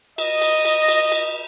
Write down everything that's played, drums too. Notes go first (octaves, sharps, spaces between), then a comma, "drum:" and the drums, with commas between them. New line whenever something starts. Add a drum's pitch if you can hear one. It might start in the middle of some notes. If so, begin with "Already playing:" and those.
D#5, drum: cymbal
drum: cymbal
drum: cymbal
drum: cymbal
drum: cymbal